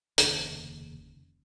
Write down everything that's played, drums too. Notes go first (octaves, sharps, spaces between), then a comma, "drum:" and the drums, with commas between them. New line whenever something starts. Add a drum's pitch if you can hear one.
F1 D#2 C#3, drum: hi-hat